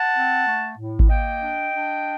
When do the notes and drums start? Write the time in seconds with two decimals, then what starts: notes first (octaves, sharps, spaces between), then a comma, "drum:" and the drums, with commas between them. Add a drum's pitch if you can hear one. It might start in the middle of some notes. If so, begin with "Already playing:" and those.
Already playing: F#5 A5
0.15 C4
0.46 A3
0.78 A2
0.99 drum: kick G#1
1.09 A#3 D#5 G5
1.41 D4
1.73 D4